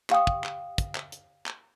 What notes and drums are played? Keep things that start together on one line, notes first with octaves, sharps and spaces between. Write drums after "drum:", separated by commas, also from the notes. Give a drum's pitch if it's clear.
G4 F5 G5 D#6, drum: clap
drum: kick
drum: clap
drum: kick, hi-hat
drum: clap
drum: hi-hat
drum: clap